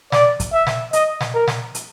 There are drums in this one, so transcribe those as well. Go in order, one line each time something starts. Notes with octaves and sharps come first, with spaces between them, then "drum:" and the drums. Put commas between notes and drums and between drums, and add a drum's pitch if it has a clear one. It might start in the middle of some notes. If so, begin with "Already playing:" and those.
D5, drum: snare
drum: kick, hi-hat
E5
drum: snare
D#5, drum: hi-hat
drum: snare
A#4
drum: snare
drum: hi-hat